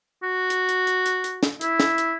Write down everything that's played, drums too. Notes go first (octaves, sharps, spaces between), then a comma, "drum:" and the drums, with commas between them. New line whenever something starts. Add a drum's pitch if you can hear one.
F#4
drum: hi-hat
drum: hi-hat
drum: hi-hat
drum: hi-hat
drum: hi-hat
drum: snare
E4, drum: hi-hat
drum: snare
drum: hi-hat